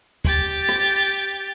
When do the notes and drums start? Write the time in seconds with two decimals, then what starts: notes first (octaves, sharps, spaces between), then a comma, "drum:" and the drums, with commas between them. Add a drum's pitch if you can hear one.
0.25 G4 A6, drum: kick
0.69 drum: rim click